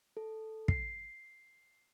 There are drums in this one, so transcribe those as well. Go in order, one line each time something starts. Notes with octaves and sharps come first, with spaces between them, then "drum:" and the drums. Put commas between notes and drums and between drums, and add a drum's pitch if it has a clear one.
A4
C7, drum: kick